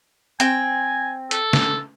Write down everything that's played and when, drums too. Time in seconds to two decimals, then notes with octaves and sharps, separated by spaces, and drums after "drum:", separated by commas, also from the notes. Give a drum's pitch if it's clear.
0.40 C4 G5 G#5, drum: hi-hat
1.31 A4, drum: hi-hat
1.53 drum: snare